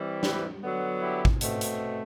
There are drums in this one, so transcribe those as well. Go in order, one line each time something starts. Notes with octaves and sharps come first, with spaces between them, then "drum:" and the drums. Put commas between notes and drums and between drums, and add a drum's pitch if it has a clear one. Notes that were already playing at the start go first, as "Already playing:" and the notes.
Already playing: E3 G3 C4 E4
G4 B4, drum: snare
D3 F#3 B3
E4 G4
drum: kick
B2 A3 C4, drum: hi-hat
drum: hi-hat